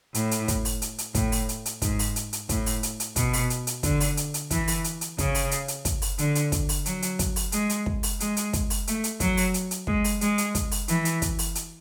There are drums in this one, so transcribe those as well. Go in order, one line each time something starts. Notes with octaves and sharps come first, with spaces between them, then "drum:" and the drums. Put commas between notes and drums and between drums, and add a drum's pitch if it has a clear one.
A2, drum: hi-hat
drum: hi-hat
drum: kick, hi-hat
drum: open hi-hat
drum: hi-hat
drum: hi-hat
A2, drum: kick, hi-hat
drum: open hi-hat
drum: hi-hat
drum: hi-hat
G#2, drum: kick, hi-hat
drum: open hi-hat
drum: hi-hat
drum: hi-hat
A2, drum: kick, hi-hat
drum: open hi-hat
drum: hi-hat
drum: hi-hat
B2, drum: kick, hi-hat
drum: open hi-hat
drum: hi-hat
drum: hi-hat
D3, drum: kick, hi-hat
drum: open hi-hat
drum: hi-hat
drum: hi-hat
E3, drum: kick, hi-hat
drum: open hi-hat
drum: hi-hat
drum: hi-hat
C#3, drum: kick, hi-hat
drum: open hi-hat
drum: hi-hat
drum: hi-hat
drum: kick, hi-hat
drum: open hi-hat
D3, drum: hi-hat
drum: hi-hat
drum: kick, hi-hat
drum: open hi-hat
F#3, drum: hi-hat
drum: hi-hat
drum: kick, hi-hat
drum: open hi-hat
G#3, drum: hi-hat
drum: hi-hat
drum: kick
drum: open hi-hat
G#3, drum: hi-hat
drum: hi-hat
drum: kick, hi-hat
drum: open hi-hat
A3, drum: hi-hat
drum: hi-hat
F#3, drum: kick, hi-hat
drum: open hi-hat
drum: hi-hat
drum: hi-hat
G#3, drum: kick
drum: open hi-hat
G#3, drum: hi-hat
drum: hi-hat
drum: kick, hi-hat
drum: open hi-hat
E3, drum: hi-hat
drum: hi-hat
drum: kick, hi-hat
drum: open hi-hat
drum: hi-hat